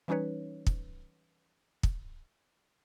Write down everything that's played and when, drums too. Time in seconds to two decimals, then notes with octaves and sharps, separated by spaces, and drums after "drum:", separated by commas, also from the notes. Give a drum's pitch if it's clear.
0.08 E3 G3 C#4 D#4 B4 C#5
0.67 drum: kick
1.83 drum: kick